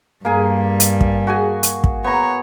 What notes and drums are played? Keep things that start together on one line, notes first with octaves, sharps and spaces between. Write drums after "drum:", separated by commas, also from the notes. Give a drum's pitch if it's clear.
G2 G3 A#3 G#4
drum: hi-hat
drum: kick
F#4 G#4 G#5
drum: hi-hat
drum: kick
B3 C#5 A#5